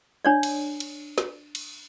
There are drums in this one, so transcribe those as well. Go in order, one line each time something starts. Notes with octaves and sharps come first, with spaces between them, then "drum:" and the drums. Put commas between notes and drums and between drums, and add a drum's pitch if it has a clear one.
D4 C#5 D5
drum: cymbal
drum: cymbal
drum: snare
drum: cymbal